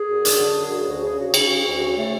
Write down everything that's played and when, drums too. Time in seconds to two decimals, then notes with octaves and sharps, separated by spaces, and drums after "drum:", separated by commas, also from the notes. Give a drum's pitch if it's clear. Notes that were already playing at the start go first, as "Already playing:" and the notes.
Already playing: G#4
0.09 F#2
0.25 D3, drum: hi-hat
0.40 D3
0.56 F#2
0.63 G#4
0.71 C#3 F#4
0.87 D2 F#4
1.02 C#3 G#4
1.18 C#3 F#4
1.34 C#3 F#4, drum: cymbal
1.49 C#3
1.65 D2
1.76 C#3 F#4
1.96 C#3 A3